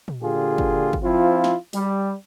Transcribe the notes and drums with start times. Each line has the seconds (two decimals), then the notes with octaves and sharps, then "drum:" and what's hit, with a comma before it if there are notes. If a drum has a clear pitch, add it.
0.08 drum: tom A#2
0.22 A#2 D3 F4 G4 G#4
0.58 drum: kick
0.93 drum: kick
1.03 F3 C4 E4 F4
1.44 drum: snare
1.73 G3, drum: open hi-hat